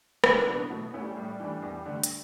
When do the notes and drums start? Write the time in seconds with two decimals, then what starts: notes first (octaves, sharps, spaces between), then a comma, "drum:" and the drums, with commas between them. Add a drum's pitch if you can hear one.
0.24 C#2 E4, drum: rim click
0.35 D4
0.47 B2 F#3 B3 D4 E4
0.58 B3
0.70 B2 A3
0.86 B3
0.94 A3 C#4 E4
1.02 G3
1.16 A2 G3
1.40 E3 A3 D4
1.63 E2
1.86 D3 A3
2.04 drum: hi-hat